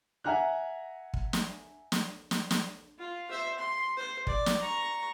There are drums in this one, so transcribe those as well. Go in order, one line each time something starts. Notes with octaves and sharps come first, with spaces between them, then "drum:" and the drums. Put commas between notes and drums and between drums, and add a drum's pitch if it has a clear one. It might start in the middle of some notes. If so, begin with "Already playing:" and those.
E5 F#5 G#5 A#5 F6 F#6
drum: kick
drum: snare
drum: snare
drum: snare
drum: snare
F4
C5 E5
C6
C5
D5, drum: kick
drum: snare
A#5 C#6